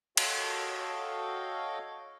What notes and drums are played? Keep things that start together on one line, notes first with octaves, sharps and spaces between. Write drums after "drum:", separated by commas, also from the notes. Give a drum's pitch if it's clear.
F#4 A4 C#5 D#5 F5 G5, drum: cymbal